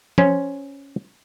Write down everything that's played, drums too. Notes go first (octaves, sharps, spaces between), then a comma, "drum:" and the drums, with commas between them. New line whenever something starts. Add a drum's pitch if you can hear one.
C#4 C5, drum: tom F3